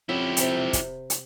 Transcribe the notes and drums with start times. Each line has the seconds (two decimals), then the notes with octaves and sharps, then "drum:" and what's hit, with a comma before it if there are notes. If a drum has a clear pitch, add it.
0.09 F2 C#4 E4 G4 E5 F#5
0.37 C3 B5, drum: hi-hat
0.73 drum: kick, hi-hat
1.10 drum: hi-hat